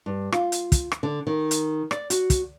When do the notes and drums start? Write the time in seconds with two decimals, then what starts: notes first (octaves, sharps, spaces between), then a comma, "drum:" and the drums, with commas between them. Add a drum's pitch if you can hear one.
0.06 G2
0.32 F4, drum: rim click
0.52 drum: hi-hat
0.72 drum: kick, hi-hat
0.92 drum: rim click
1.03 D3
1.27 D#3
1.51 drum: hi-hat
1.91 D5, drum: rim click
2.10 F#4, drum: hi-hat
2.30 drum: kick, hi-hat